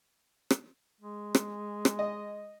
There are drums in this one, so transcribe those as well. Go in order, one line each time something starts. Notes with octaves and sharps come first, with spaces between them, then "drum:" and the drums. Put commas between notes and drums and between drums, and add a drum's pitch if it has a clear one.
drum: rim click
G#3
drum: rim click
drum: rim click
D#5